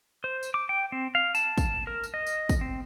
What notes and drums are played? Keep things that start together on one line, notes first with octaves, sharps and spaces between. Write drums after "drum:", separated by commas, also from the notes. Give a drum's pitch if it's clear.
C5
drum: tambourine
D6
G5
C4
F5
A5, drum: tambourine
drum: kick, tambourine
A#4
drum: tambourine
D#5
drum: tambourine
drum: kick, tambourine
C4